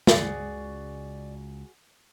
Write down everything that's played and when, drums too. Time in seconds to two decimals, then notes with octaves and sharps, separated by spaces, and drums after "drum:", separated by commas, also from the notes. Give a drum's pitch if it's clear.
0.07 C#2 C#3 G#3 F#4 G#4 D5 A6, drum: snare